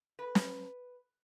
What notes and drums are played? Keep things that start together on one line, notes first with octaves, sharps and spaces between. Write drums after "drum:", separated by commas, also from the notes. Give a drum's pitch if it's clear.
B4
drum: snare